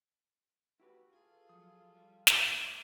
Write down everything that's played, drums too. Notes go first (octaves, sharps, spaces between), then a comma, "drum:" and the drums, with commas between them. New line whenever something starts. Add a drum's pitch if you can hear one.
E4 F#4 G4 B4
F4 G#4 A4
F3 F#3 D#6
G3
G2 A3 C#4 A#4, drum: snare